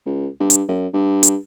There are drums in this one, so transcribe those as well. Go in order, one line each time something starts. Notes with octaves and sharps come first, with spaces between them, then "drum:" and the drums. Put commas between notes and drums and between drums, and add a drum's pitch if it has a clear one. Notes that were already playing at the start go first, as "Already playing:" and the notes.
C#2
G2
drum: hi-hat
F#2
G2
drum: hi-hat